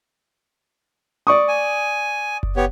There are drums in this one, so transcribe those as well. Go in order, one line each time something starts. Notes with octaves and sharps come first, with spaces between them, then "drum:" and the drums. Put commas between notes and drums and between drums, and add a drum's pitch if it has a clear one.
D5 C#6 D#6
G#5
drum: kick F#1
B3 G4 C#5